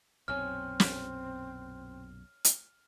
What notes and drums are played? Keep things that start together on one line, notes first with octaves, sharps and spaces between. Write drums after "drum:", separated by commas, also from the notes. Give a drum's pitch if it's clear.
B1 F#2 A#2 C4 C#5 G#5 F6
drum: snare
drum: hi-hat